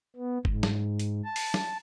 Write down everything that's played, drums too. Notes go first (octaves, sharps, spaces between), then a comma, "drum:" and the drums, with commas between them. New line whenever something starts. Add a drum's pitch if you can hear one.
B3
G#2, drum: kick F#1
drum: snare
drum: hi-hat
A5
drum: open hi-hat
drum: snare